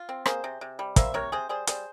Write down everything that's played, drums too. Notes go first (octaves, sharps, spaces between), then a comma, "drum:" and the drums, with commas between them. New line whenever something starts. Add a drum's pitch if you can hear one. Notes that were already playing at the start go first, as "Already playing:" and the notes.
Already playing: F4
C4
A#3 G#4 C5, drum: rim click
C3
C3
G3
A#3 C5 E5, drum: kick, hi-hat
C3 A#4 C#5
C3 G#4 C5
G3 G#4 C5
G3 G#4 C5, drum: hi-hat